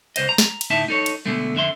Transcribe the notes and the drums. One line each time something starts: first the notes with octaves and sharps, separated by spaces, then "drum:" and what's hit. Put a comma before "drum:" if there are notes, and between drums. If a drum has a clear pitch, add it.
C#2 C5 D#5, drum: cymbal
A#5
drum: snare
drum: cymbal
D2 A2 D#4 E5 A5
D#4 A4 C#5
drum: cymbal
B2 D3 G#3 A3
F2 D3 E5 C6